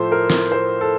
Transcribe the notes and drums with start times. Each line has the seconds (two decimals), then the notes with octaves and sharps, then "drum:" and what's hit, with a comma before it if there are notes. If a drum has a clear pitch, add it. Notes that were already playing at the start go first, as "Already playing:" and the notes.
Already playing: A2 F3 A4 C5
0.12 A#4
0.30 drum: snare
0.52 C5
0.81 A4